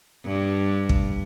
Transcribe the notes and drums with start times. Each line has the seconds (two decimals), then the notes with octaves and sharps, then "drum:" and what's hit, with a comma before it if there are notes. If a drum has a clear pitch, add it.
0.25 G2
0.89 drum: kick